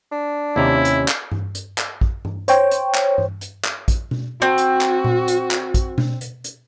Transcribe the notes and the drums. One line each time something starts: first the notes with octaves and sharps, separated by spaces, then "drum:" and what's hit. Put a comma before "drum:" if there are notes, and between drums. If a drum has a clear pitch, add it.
D4
D#2 C3 C#4 E4 A#5
drum: hi-hat
drum: clap
drum: tom G2
drum: hi-hat
drum: clap
drum: kick
drum: tom G2
C5 C#5 G5, drum: hi-hat
drum: hi-hat
drum: clap
drum: tom G2
drum: hi-hat
drum: clap
drum: kick, hi-hat
drum: tom B2
C4 F#4
drum: hi-hat
drum: clap
drum: tom A#2
drum: hi-hat
drum: clap
drum: kick, hi-hat
drum: tom B2
drum: hi-hat
drum: hi-hat